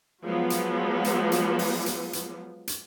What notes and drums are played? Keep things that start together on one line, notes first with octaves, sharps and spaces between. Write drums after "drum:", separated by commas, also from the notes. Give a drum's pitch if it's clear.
F3 F#3 G#3 B3
drum: hi-hat
drum: hi-hat
drum: hi-hat
drum: open hi-hat
drum: hi-hat
drum: hi-hat
drum: hi-hat